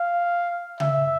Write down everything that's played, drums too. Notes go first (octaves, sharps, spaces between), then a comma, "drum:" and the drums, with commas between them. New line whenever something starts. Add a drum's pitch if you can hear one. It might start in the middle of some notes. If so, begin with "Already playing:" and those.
Already playing: F5
E5, drum: tom C#3